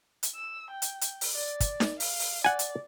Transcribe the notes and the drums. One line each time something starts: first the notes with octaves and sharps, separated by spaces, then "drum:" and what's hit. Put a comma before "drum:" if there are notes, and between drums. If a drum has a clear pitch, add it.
drum: hi-hat
E6
G5
drum: hi-hat
drum: hi-hat
drum: open hi-hat
D5
drum: kick, hi-hat
drum: snare D#4
F5, drum: open hi-hat
drum: open hi-hat
D5 F#5 G#5
drum: hi-hat